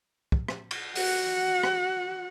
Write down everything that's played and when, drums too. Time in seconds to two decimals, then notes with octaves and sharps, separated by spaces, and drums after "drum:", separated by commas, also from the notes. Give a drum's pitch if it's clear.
0.32 drum: kick
0.48 drum: rim click
0.71 drum: cymbal
0.95 F#4 F#5, drum: open hi-hat
1.63 drum: rim click